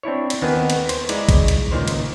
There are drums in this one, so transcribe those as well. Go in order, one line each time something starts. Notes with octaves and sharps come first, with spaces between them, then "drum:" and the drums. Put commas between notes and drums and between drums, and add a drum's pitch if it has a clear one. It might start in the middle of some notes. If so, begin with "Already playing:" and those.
C4 D4 E4 C#5
drum: cymbal
D#2 D#3 B3 C4 B4 G#5
drum: cymbal
C5, drum: cymbal
G#3 D#4 E4 D5, drum: cymbal
drum: kick, cymbal
drum: cymbal
C#2 A#2 D#3 C5
drum: cymbal